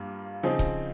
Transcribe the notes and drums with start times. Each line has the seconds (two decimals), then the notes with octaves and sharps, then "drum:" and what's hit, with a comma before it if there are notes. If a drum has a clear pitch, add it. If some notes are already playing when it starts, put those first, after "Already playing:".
Already playing: G2 G3 A#3 F4
0.43 C#3 F3 C4 D#4 G#4
0.59 drum: kick C#1